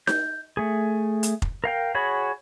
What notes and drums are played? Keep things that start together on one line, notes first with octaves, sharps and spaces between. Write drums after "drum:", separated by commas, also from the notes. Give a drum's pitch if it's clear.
G6, drum: snare D#4
A3 G#4
drum: hi-hat
drum: kick
A#4 F5 G5
F#4 G#4 C#5 B5